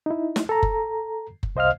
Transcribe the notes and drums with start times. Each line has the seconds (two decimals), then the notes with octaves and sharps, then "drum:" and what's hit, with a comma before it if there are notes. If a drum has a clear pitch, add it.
0.06 D#4 E4
0.36 drum: snare
0.49 A4 A#5
0.63 drum: kick F#1
1.43 drum: kick F#1
1.56 C2 C5 D#5 F5 F6